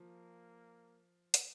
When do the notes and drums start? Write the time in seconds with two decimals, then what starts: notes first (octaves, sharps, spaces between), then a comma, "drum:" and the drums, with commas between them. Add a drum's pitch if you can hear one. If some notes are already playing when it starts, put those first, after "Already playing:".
Already playing: F3 A#3
1.34 drum: hi-hat